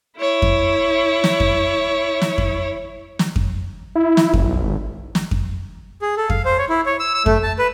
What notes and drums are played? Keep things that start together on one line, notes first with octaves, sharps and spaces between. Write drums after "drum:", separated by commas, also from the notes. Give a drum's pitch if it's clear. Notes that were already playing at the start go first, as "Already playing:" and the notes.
E4 C#5
drum: kick F2
drum: snare
drum: kick F2
drum: snare
drum: kick F2
drum: snare
drum: kick F2
E4
drum: snare
F#1, drum: kick F2
B1
G#1
drum: snare
drum: kick F2
G#4
A4
F5, drum: kick F2
C5
C#5
E4
C#5
E6
E6
A3, drum: kick F2
A5
B4